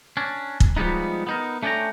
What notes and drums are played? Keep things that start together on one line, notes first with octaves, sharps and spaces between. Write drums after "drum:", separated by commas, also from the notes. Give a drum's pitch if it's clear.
C#4 D4
drum: kick
F3 G3 G#3 B3 D#4
B3 D#4 A#4
A3 C#4 D4 G4 G5 A#5